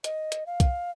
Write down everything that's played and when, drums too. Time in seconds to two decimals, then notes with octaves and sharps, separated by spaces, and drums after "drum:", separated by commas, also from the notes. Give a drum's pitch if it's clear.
0.04 D#5, drum: hi-hat
0.32 drum: hi-hat
0.46 F5
0.60 drum: kick, hi-hat